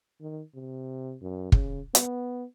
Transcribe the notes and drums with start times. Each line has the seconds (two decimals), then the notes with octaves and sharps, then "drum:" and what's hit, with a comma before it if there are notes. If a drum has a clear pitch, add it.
0.21 D#3
0.55 C3
1.21 F#2
1.52 C#3, drum: kick
1.95 B3, drum: hi-hat